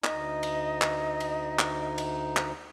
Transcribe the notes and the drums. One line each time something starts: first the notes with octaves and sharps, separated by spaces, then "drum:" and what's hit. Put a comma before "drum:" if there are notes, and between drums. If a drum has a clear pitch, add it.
D2 D#4 D#5, drum: clap
drum: cymbal
drum: clap
drum: cymbal
drum: clap
drum: cymbal
drum: clap